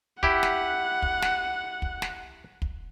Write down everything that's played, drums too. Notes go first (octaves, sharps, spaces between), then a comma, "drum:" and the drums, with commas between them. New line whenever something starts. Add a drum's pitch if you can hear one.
E4 G4 F#5, drum: kick
drum: snare
drum: kick
drum: snare
drum: kick
drum: snare
drum: kick